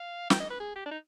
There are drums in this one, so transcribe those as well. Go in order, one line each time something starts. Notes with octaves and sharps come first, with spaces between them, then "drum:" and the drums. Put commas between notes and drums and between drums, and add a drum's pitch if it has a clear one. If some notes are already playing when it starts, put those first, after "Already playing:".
Already playing: F5
G5, drum: snare
D#5
B4
G#4
G4
D4
D#4